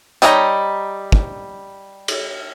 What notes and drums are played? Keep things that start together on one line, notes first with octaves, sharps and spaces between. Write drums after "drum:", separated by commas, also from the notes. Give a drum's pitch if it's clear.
G3 D#4 C#5 F5 A#5, drum: hi-hat
drum: kick
drum: cymbal